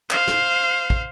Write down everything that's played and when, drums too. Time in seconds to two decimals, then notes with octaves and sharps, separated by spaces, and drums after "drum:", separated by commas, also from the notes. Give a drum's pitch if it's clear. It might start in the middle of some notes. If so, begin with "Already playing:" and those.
0.10 C5 F5, drum: clap
0.27 drum: snare
0.90 drum: kick